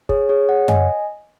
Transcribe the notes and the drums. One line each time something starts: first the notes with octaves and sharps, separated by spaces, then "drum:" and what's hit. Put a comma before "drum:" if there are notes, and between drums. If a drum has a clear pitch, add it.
G#4 C#5, drum: kick
G#4 C#5
C#5 F#5
D#5 G#5, drum: tom F#2